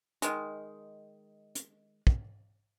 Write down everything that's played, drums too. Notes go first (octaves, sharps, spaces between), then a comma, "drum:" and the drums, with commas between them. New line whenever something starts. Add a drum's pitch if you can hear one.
D#3 G#3, drum: hi-hat
drum: hi-hat
drum: kick